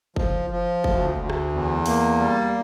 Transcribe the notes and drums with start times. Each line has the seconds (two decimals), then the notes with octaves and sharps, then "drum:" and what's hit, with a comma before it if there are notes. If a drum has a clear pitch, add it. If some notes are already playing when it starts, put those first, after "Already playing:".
0.16 F3, drum: kick F#1
0.50 F3
0.84 D2, drum: kick F#1
1.18 D2
1.30 drum: rim click
1.52 E2
1.86 A#3, drum: open hi-hat
2.20 G3